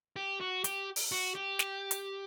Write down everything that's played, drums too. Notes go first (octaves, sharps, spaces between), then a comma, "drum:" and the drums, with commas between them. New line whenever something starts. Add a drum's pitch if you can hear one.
G4
F#4
G4, drum: hi-hat
drum: open hi-hat
F#4
G4
drum: snare
drum: hi-hat